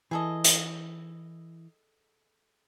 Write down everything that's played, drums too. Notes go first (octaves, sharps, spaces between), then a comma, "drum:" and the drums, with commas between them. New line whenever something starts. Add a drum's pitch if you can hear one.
E3 G#4 A4 D#5
drum: hi-hat